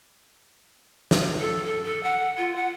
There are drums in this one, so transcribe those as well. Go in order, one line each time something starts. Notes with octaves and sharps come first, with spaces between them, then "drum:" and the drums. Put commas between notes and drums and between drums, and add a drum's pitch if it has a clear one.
drum: snare
A4
A4
A4
F#5
F4
F#5